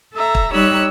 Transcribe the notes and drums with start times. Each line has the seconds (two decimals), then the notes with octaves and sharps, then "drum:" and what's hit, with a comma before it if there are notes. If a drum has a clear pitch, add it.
0.14 A4 E5 A#5
0.35 drum: kick
0.53 G3 D#4 G4 C#5 E6 F#6